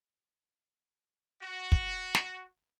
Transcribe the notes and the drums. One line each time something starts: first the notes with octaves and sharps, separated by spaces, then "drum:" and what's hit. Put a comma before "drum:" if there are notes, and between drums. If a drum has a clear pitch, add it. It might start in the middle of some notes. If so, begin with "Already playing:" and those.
F#4
drum: kick
drum: snare